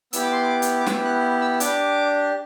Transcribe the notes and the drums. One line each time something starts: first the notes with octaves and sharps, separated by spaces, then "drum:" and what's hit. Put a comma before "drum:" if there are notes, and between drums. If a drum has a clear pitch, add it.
B3 E4 G4 E6, drum: hi-hat
D6
C6
D6
drum: hi-hat
D6
B3 E4 G4 E6, drum: snare
F#6
E6
D4 G4 D6, drum: hi-hat